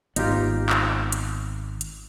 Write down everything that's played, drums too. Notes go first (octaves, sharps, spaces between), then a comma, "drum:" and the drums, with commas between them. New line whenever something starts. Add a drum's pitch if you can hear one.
G#1 B3 D#4 F4 G4, drum: hi-hat
drum: clap
drum: hi-hat
drum: hi-hat